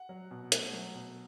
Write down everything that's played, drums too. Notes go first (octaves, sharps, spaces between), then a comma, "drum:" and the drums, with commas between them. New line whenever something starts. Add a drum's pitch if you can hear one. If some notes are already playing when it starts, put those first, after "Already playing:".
Already playing: F#5
F#3
B2
A3, drum: hi-hat
F#3
B2